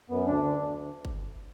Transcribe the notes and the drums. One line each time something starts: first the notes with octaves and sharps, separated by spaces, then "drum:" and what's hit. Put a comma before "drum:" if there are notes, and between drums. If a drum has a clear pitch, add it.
F#2 B3
D2 D4
D3
D2
drum: kick